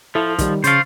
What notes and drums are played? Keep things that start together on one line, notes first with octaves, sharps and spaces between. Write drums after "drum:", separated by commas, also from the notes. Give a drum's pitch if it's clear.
F3 E4 A4
D#3 G3, drum: kick, hi-hat
C#3 C5 F5 C#6 A6, drum: hi-hat